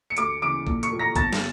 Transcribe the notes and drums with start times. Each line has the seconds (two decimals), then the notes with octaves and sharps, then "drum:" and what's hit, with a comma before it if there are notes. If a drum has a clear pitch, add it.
0.10 C#7
0.17 D2 D6 D7, drum: hi-hat
0.42 C#3 E3 D6 D7
0.67 A#1, drum: kick A1
0.83 C#6 C#7, drum: hi-hat
0.91 A2 F3
0.99 A#5 A#6
1.16 G1 A5 A6, drum: kick A1, hi-hat
1.33 drum: snare